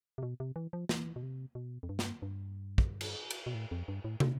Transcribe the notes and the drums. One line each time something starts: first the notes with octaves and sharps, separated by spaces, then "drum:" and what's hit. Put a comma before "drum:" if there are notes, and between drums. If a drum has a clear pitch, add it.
C3
B2
C3
E3
F3
E3, drum: snare
B2
C3
B2
F2
G2
drum: snare
G2
drum: kick
drum: cymbal
drum: cymbal
B2
A2
F2
G2
A2
B2, drum: tom